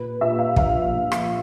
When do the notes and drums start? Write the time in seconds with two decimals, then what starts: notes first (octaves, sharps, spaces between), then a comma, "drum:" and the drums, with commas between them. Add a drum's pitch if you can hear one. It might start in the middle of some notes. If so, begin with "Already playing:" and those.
Already playing: A#2 B4
0.21 A#2 E5
0.39 F5
0.56 A#1 F5, drum: kick
0.93 A#1
1.12 drum: rim click